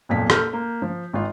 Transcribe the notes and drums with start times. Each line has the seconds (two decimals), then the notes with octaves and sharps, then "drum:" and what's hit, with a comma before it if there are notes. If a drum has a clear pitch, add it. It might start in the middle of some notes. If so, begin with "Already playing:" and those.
0.09 B1 F2 A#2 B6
0.30 A#3 A4 F6 G6, drum: rim click
0.53 A#3
0.82 F3
1.13 G#1 F4